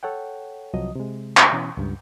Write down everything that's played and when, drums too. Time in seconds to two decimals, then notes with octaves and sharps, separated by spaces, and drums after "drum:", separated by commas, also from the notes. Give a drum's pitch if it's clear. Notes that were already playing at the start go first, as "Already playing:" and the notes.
0.03 A4 C#5 F#5 G5
0.74 C2 F3 F#3 D#5 D#6
0.95 C3 G#3
1.37 drum: clap
1.53 B2 E3 C#4
1.77 C#2 G2